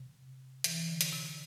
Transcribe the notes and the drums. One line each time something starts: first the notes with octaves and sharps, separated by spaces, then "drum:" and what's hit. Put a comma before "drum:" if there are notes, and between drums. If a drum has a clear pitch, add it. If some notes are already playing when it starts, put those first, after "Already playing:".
Already playing: C3
E3, drum: hi-hat
D3
drum: hi-hat
C3